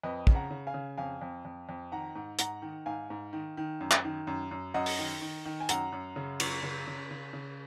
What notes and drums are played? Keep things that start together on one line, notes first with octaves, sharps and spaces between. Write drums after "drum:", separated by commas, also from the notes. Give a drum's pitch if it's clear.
F2 B4 D#5
C#3, drum: kick
F#5 A#5
C#3
F5 G#5
C#3
F2 F5 G#5
F2
F2
F2
D#3 F#5 A#5
G#2
G#2 F#5 A#5, drum: hi-hat
D#3
G#2 F5 G#5
G#2
D#3
D#3
F#2
drum: clap
D#3
F#2
F#2
F#2 D#5 F#5
drum: open hi-hat
D#3
D#3
D#3
G#5
F#2 F#5 A#5, drum: hi-hat
F#2
C#3
F#2, drum: cymbal
C#3
C#3
C#3
C#3